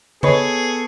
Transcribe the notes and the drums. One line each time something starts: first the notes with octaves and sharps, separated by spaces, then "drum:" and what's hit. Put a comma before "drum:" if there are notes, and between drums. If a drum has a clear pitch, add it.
G#3 B3 G#4 A4 B4 C#5 C#6, drum: tom C#3